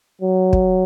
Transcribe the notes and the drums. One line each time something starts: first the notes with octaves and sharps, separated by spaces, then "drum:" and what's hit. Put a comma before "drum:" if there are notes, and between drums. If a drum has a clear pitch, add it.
F#3
drum: kick